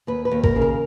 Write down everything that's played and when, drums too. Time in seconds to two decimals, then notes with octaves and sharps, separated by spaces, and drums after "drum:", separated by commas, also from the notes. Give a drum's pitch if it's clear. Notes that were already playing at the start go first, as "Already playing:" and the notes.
0.07 D#2 B4
0.25 B4
0.31 D#2
0.44 A#4, drum: kick G#1
0.56 C#3
0.62 A#4